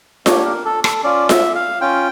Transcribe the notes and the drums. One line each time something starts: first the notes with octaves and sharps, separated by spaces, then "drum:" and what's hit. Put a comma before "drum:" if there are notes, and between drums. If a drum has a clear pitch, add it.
A#3 D4 G4 C#5, drum: snare F4
A#4
A4
A4, drum: rim click
C#4 F4 D5
E5, drum: snare F4
F5
C#4 F4 G5